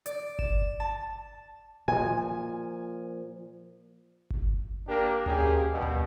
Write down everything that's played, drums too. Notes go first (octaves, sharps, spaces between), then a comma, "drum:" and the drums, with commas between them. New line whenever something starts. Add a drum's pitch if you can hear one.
D5, drum: hi-hat
E7, drum: kick G1
A5
A#2 F3 G#5
drum: kick G1
A#3 D4 G4 A#4
A#1 A#3 C#4 G4 G#4, drum: tom D2
G2 B2
drum: tom D2